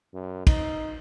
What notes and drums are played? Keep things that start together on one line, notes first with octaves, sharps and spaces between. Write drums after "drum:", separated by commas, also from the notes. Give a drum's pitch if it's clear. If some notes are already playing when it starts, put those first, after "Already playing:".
F#2
D#4, drum: kick, cymbal